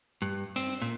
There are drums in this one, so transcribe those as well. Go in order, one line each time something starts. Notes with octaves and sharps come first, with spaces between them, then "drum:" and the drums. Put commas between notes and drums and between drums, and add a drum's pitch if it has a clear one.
G2
C4, drum: hi-hat
A#2